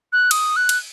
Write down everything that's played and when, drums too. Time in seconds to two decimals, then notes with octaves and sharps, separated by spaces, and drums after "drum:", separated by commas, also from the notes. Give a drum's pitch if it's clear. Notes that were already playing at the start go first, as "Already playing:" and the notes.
0.13 F#6
0.31 D#6, drum: cymbal
0.56 F#6
0.69 drum: cymbal